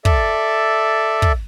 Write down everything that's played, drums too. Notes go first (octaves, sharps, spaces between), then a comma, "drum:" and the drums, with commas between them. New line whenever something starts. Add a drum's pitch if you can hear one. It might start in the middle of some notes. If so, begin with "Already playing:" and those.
A4 D5 E5, drum: kick
drum: kick